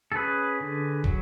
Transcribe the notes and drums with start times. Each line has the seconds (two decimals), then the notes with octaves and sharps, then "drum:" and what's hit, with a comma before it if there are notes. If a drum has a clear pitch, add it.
0.12 A4
0.15 C#4 G#4 B4
0.60 D3
1.04 F#3, drum: kick